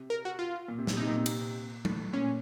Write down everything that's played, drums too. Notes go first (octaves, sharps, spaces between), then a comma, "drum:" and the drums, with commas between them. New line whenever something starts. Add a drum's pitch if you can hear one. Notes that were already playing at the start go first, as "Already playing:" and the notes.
Already playing: C3
A#4
F#4
F4
A#2
C3
A#2, drum: snare
C3 D#4
A#2
C3
A#2, drum: cymbal
A2, drum: tom
A#2 C#4